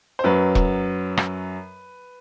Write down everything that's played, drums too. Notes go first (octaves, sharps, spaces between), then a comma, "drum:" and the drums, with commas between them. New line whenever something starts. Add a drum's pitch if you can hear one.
C5
F#2 F#3 B4
drum: kick E1
drum: rim click